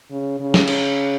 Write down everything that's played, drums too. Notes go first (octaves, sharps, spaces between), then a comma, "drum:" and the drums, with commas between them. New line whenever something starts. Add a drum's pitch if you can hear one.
C#3
C#3
drum: snare
drum: cymbal